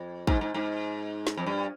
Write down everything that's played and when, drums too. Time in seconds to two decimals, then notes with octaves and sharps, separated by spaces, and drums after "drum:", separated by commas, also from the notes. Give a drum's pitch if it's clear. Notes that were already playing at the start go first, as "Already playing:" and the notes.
Already playing: F2
0.27 G#2, drum: kick
0.41 G#2
0.54 G#2
1.27 drum: snare
1.37 F2
1.46 G2